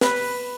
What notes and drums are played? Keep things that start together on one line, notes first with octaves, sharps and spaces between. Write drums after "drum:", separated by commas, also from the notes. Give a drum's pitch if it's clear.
B4, drum: snare
drum: open hi-hat